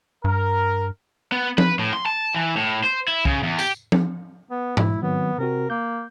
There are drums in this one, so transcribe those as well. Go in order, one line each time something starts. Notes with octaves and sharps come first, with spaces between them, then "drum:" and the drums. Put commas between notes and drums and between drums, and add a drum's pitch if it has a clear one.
G2 A#4
B3
B4, drum: tom F3
A2
C6
A5
E3
A2
C5
E4
C#3, drum: kick
E2
G4, drum: tambourine
drum: tom F3
B3
B2 G#3 E4, drum: tom G#2
D#3 F#3 B3 C4
C3 C4 F#4 A#4
A#3 G6